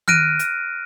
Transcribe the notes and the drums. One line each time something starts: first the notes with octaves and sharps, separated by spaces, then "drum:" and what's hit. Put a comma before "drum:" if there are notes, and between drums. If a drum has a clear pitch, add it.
F6 F#6 A#6 D7 D#7, drum: tom D#3
drum: hi-hat